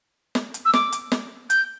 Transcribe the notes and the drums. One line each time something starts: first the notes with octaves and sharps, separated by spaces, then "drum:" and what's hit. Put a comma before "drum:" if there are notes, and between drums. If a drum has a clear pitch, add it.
drum: snare
drum: hi-hat
E6
D6, drum: snare
drum: hi-hat
drum: snare
G6, drum: hi-hat